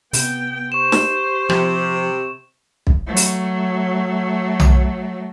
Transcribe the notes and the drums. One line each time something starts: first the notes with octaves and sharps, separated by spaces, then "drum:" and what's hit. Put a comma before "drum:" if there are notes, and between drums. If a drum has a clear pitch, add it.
C3 B3 G5, drum: open hi-hat
G4 C5 C#6 E7
drum: snare
C3 F3, drum: rim click
drum: kick
F#3 A3
drum: open hi-hat
drum: tom B1